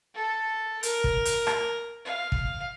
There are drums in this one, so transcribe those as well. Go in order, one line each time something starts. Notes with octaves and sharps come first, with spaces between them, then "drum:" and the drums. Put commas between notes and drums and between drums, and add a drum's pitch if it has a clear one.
A4
A#4, drum: hi-hat
drum: kick
drum: hi-hat
drum: rim click
F5
drum: kick